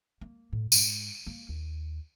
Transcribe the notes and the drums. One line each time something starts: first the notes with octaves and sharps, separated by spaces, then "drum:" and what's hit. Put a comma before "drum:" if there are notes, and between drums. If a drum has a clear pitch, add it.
A#3
A2
G#2, drum: tambourine
A#3
D#2